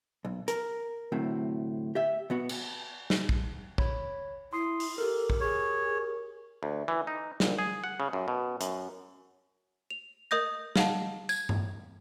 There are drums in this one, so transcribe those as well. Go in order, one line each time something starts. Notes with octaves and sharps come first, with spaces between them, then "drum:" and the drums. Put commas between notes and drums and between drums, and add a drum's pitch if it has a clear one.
B1
A#4, drum: hi-hat
D2 A2 C3 F#3
G4 E5
B2 B3 F#4
drum: cymbal
drum: snare
drum: kick
C#5 B5, drum: kick
E4 C6 D#6 C7
drum: open hi-hat
G4 A4 A#4
drum: kick
G#4 C#5
D2
E3
D#4
A#1, drum: snare
G#4
F#5
C#3
F#2
B2
F#2, drum: hi-hat
F7
A#4 D#5 D#6 G6 A#6
D#5 F5 F#5 A5, drum: snare
G#6, drum: tambourine
drum: tom G2